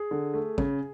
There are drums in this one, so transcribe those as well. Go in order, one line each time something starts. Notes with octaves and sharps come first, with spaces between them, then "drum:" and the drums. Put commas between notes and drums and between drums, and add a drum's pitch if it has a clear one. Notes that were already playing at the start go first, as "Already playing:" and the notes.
Already playing: G#4
D3
A3
C#3, drum: kick